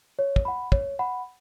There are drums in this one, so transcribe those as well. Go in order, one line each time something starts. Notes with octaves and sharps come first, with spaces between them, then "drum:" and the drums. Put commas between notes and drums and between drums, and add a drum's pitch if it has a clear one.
C#5
drum: kick
F#5 B5
C#5, drum: kick
F#5 B5